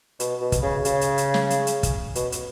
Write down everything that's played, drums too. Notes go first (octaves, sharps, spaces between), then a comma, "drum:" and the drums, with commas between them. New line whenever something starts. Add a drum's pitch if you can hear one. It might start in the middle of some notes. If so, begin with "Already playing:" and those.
B2, drum: hi-hat
B2
drum: kick, hi-hat
C#3
C#3, drum: hi-hat
drum: hi-hat
drum: hi-hat
drum: snare
drum: hi-hat
drum: hi-hat
drum: kick, hi-hat
B2, drum: hi-hat
drum: hi-hat